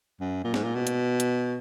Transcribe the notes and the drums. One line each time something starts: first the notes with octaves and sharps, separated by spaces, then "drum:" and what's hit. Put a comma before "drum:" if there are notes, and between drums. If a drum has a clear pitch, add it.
F#2
A#2
G#2, drum: snare
A#2
B2
drum: hi-hat
drum: hi-hat